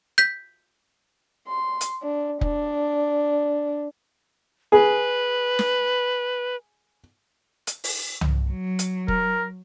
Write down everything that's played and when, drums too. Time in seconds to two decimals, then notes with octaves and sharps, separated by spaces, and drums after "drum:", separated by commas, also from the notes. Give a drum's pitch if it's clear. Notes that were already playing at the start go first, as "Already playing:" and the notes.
0.18 G6 B6
1.48 C6
1.81 drum: hi-hat
2.02 D4
2.41 D4, drum: kick
4.72 G#4 B4
5.59 drum: snare
7.67 drum: hi-hat
7.84 drum: open hi-hat
8.21 drum: tom C2
8.50 F#3
8.79 drum: hi-hat
9.08 A#4, drum: kick